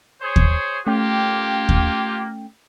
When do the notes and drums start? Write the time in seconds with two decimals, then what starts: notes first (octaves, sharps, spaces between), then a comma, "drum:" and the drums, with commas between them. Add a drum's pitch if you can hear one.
0.21 G#4 C5 C#5
0.36 drum: kick D#2
0.87 A3 A#3 C#4 F4 G4 G5
1.69 drum: kick D#2